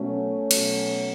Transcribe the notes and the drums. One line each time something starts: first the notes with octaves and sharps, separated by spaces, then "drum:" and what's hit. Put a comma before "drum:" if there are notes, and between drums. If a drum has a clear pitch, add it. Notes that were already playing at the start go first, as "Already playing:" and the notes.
Already playing: B2 F#3 A3 C#4
B2 F#3, drum: cymbal